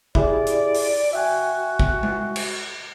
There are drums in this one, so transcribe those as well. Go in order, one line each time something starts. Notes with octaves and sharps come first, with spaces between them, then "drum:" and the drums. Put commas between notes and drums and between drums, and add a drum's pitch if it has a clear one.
E4 G4 G#4 D5, drum: kick
drum: hi-hat
drum: open hi-hat
F#4 E5 G5 G#5
drum: kick
drum: tom G#3
drum: cymbal